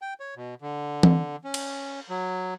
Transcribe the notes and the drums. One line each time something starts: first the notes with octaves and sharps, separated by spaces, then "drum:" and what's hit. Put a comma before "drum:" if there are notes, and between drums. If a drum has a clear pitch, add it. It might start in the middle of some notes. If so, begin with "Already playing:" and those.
G5
C#5
B2
D3
drum: tom E3
C#4
drum: cymbal
F#3